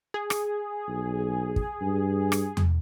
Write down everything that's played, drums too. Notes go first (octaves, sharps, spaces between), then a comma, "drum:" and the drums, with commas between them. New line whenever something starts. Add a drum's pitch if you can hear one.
G#4
drum: rim click
B1
drum: kick
G2
drum: rim click
drum: tom E2